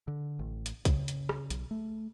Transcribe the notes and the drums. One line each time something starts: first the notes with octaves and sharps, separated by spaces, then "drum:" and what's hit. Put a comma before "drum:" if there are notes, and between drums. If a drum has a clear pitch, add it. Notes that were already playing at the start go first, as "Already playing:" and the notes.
D3
A1
drum: hi-hat
C#3, drum: kick, hi-hat
drum: hi-hat
drum: rim click
B1, drum: hi-hat
A3